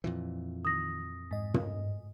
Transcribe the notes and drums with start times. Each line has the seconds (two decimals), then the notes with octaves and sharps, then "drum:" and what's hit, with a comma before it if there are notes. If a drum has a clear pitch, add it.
0.04 F2 A#2 E3
0.65 D#3 D#6 A#6
1.31 G#2 D#5
1.54 drum: tom